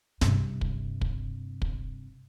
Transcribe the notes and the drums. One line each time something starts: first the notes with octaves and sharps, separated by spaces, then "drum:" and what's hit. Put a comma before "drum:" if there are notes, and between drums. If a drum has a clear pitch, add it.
G2 C3, drum: snare
drum: kick
drum: kick
drum: kick